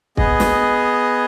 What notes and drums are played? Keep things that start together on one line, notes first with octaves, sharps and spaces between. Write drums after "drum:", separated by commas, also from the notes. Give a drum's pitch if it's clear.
B3 G#4 D#5, drum: kick
drum: snare